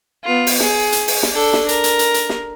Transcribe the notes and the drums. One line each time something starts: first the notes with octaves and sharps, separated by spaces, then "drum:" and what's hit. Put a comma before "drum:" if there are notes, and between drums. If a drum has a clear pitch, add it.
B3 F4
drum: open hi-hat
G#4, drum: snare
drum: hi-hat
drum: open hi-hat
drum: snare
D4 A4
drum: snare
A#4, drum: hi-hat
drum: hi-hat
drum: hi-hat
drum: hi-hat
drum: snare